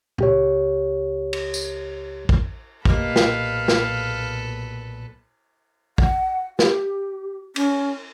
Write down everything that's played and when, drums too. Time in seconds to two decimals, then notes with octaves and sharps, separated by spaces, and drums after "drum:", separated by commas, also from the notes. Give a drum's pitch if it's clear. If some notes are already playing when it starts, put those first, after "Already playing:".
0.18 C#2 G4 C#5, drum: tom
1.33 drum: cymbal
1.54 drum: tambourine
2.29 drum: kick
2.85 B1 A#2 A#3 G4 A4 B4 D#5 F5, drum: kick
3.16 drum: snare
3.68 drum: snare
5.98 F#5, drum: kick
6.59 G4, drum: snare
7.56 C#4, drum: cymbal